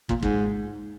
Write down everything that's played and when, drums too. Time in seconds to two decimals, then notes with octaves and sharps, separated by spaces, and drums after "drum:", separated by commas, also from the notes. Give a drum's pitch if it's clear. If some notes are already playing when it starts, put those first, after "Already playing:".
0.09 A#2, drum: kick
0.23 G#2, drum: kick